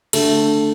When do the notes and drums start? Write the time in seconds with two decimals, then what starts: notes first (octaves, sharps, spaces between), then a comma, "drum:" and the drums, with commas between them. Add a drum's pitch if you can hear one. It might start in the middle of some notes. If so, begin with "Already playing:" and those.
0.13 D2 D3 A3, drum: cymbal